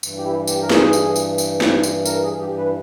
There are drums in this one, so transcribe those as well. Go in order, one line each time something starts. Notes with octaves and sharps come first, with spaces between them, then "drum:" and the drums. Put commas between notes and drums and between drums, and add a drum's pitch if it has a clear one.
G2 E3, drum: tambourine
G4
E4
G4, drum: tambourine
A#4
G#4, drum: snare
drum: tambourine
drum: tambourine
drum: tambourine
drum: snare
drum: tambourine
A#4, drum: tambourine
G#4
G4
B4